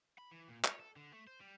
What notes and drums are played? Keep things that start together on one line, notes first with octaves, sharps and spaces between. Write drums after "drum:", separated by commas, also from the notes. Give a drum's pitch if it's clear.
B5
E3
A#2
C#5, drum: clap
A4
D3
A3
C5
G3